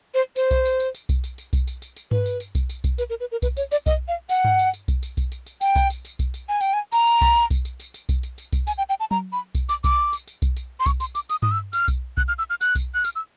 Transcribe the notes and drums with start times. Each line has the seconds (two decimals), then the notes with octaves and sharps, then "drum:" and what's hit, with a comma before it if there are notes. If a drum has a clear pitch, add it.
0.14 C5
0.36 C5, drum: tambourine
0.51 drum: kick B1, tambourine
0.65 drum: tambourine
0.80 drum: tambourine
0.95 drum: tambourine
1.09 drum: kick B1, tambourine
1.24 drum: tambourine
1.38 drum: tambourine
1.53 drum: kick B1, tambourine
1.67 drum: tambourine
1.82 drum: tambourine
1.97 drum: tambourine
2.11 B4, drum: tom G2
2.26 drum: tambourine
2.40 drum: tambourine
2.55 drum: kick B1, tambourine
2.69 drum: tambourine
2.84 drum: kick B1, tambourine
2.98 B4, drum: tambourine
3.10 A#4
3.20 B4
3.32 A#4
3.42 B4, drum: kick B1, tambourine
3.57 C#5, drum: tambourine
3.72 D5, drum: tambourine
3.86 D#5, drum: kick B1, tambourine
4.08 F5
4.29 F#5, drum: tambourine
4.44 drum: tom G2
4.59 drum: tambourine
4.74 drum: tambourine
4.88 drum: kick B1, tambourine
5.03 drum: tambourine
5.17 drum: kick B1, tambourine
5.32 drum: tambourine
5.46 drum: tambourine
5.61 G5, drum: tambourine
5.76 drum: kick B1, tambourine
5.90 drum: tambourine
6.05 drum: tambourine
6.19 drum: kick B1, tambourine
6.34 drum: tambourine
6.49 G#5
6.61 G5, drum: tambourine
6.73 G#5
6.92 A#5, drum: tambourine
7.07 drum: tambourine
7.21 drum: kick B1, tambourine
7.36 drum: tambourine
7.51 drum: kick B1, tambourine
7.65 drum: tambourine
7.80 drum: tambourine
7.94 drum: tambourine
8.09 drum: kick B1, tambourine
8.23 drum: tambourine
8.38 drum: tambourine
8.53 drum: kick B1, tambourine
8.67 G#5, drum: tambourine
8.78 G5
8.89 G5
9.00 A5
9.11 A#5, drum: tom F#3
9.32 B5
9.55 drum: kick B1, tambourine
9.69 D6, drum: tambourine
9.84 D6, drum: kick B1, tambourine
10.13 drum: tambourine
10.28 drum: tambourine
10.42 drum: kick B1, tambourine
10.57 drum: tambourine
10.80 C6
10.86 C#6, drum: kick B1, tambourine
11.00 C6, drum: tambourine
11.15 D6, drum: tambourine
11.30 D#6, drum: tambourine
11.42 D#6, drum: tom G2
11.51 E6
11.73 F6, drum: tambourine
11.88 drum: kick B1, tambourine
12.17 F#6, drum: kick B1
12.28 F6
12.38 E6
12.50 F6
12.61 F#6, drum: tambourine
12.75 drum: kick B1, tambourine
12.94 F#6
13.04 F6, drum: tambourine
13.16 E6